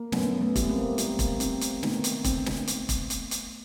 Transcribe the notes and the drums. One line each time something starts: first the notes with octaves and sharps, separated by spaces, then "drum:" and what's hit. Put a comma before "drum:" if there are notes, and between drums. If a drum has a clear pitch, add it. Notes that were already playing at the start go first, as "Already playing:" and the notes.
Already playing: A#3
F#2 A3 B3, drum: snare
A3 B3
G3, drum: kick E1, hi-hat
A#3 C4
G3, drum: hi-hat
drum: kick E1, hi-hat
C4, drum: hi-hat
drum: hi-hat
D#3 A3 B3, drum: snare
drum: hi-hat
C4, drum: kick E1, hi-hat
drum: snare
drum: hi-hat
drum: kick E1, hi-hat
drum: hi-hat
drum: hi-hat